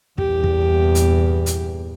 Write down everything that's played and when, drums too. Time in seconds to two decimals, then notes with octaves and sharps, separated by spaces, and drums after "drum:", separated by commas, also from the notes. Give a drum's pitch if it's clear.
0.18 E2 G2 A#2 G4, drum: kick
0.44 drum: kick
0.95 drum: hi-hat
1.46 drum: hi-hat